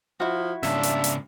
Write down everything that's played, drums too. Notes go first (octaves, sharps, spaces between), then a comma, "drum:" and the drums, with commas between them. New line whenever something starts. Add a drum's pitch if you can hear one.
F3 E4 F#4
G#2 C#3 G3 A#3 D4 E5, drum: snare
drum: hi-hat
drum: hi-hat